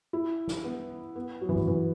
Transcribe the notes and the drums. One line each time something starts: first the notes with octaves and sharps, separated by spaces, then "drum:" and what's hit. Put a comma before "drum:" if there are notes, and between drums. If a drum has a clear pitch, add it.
E4
drum: snare
B3
B3
F#3
E3
F#3, drum: tom G2
E3